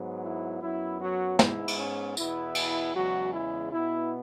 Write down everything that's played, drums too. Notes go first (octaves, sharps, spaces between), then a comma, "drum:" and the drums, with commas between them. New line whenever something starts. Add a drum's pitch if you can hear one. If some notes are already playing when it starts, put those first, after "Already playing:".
Already playing: G#2 F#3 B3
E4
F#2 F#3 B3 E4
F#3 F#4
G#2 G#3 B3 E4, drum: snare
drum: cymbal
C#4
E2 B2 B3 E4, drum: tambourine
drum: cymbal
E2 C#3 F#3 G#3 F#4
E4
B2 B3 E4